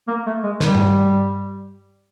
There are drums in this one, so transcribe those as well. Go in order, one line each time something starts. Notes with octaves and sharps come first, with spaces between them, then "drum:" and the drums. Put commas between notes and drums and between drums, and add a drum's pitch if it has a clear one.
A#3
A3
G#3
G3, drum: snare
drum: tom G2